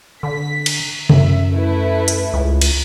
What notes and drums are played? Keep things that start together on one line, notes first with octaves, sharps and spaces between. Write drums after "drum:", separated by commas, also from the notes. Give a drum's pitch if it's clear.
D3 B6
drum: cymbal
F#2 E5, drum: tom C3
A3 E4 B4
drum: hi-hat
C#2
drum: cymbal